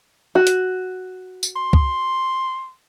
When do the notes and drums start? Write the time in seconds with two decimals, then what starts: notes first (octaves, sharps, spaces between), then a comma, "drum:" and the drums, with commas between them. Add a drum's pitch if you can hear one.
0.35 F#4
0.47 drum: hi-hat
1.43 drum: tambourine
1.56 C6
1.73 drum: kick C2